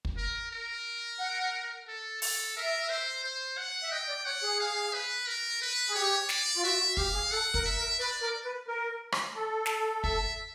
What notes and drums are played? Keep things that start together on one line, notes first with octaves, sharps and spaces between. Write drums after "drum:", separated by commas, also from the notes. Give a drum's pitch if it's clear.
drum: kick
A#4
A#4
F#5
A4
A4, drum: open hi-hat
A#4 E5
C5
C5
F#5
E5
D#5 G5
D5
C#5 F#5
G#4
F5
B4
A#4
B4
G#4
G4 C#5
D5, drum: snare
F4
F#4 E5
F#4
G4 F5, drum: kick
G#4
A4 F#5
A#4, drum: kick
E5
A#4
B4 D5
A#4
B4
A#4
drum: rim click
A4
drum: snare
E5, drum: kick